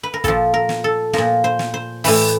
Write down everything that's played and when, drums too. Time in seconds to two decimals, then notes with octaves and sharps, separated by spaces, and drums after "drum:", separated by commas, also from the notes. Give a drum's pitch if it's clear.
0.03 B4
0.14 A#4
0.24 A#2 F3 A4, drum: kick, hi-hat
0.54 A#4
0.69 drum: snare
0.84 A4
1.13 A#2 F3 A#4, drum: snare
1.44 C5
1.59 drum: snare
1.74 C5
2.04 A2 E3 B4, drum: open hi-hat